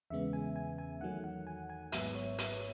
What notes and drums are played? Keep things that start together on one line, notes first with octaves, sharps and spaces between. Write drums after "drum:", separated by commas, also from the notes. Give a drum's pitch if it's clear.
E2 C#3 G#3 B3 E5
G#5
G#5
G#5
E2 D#3 F#3 A3 F#5
F#5
G#5
G#5
G#1 G#2 F#3 B3 E5, drum: hi-hat
C#5
B4, drum: hi-hat